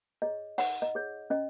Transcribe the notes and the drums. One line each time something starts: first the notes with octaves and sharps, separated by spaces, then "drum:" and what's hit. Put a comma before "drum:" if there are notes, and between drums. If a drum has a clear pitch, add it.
G#4 C#5 D#5
D#4 F#5, drum: open hi-hat
D#5
G#4 C#5
C#4 D#5